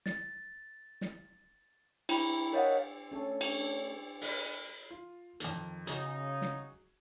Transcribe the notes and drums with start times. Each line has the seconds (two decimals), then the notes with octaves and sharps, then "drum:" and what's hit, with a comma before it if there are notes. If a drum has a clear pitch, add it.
0.06 A6, drum: snare
1.01 drum: snare
2.09 E4 G5 B5, drum: cymbal
2.53 A#4 C#5 D#5 F5 F#5
3.11 A3 C#4 D4 A4 C#5
3.41 drum: cymbal
4.21 drum: open hi-hat
4.91 F4
5.40 F2 D#3, drum: hi-hat
5.87 C#3 D#4 F#4 G#4, drum: hi-hat
6.42 drum: snare